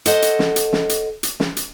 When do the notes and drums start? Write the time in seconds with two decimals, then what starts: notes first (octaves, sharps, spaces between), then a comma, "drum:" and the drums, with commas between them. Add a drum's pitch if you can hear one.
0.06 A4 C5 C#5 D#5 F#5, drum: hi-hat
0.22 drum: hi-hat
0.39 drum: snare
0.56 drum: hi-hat
0.73 drum: snare
0.89 drum: hi-hat
1.23 drum: hi-hat
1.40 drum: snare
1.57 drum: hi-hat